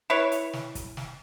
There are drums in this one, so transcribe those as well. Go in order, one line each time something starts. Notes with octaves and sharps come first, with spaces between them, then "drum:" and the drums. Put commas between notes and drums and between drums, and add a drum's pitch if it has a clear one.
E4 B4 C#5
drum: hi-hat
drum: snare
drum: kick, hi-hat
drum: snare